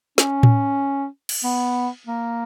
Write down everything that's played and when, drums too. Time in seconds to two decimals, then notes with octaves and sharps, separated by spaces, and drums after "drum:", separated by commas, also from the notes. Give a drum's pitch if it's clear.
0.18 C#4, drum: snare
0.43 drum: tom A2
1.29 drum: cymbal
1.44 B3
2.07 A#3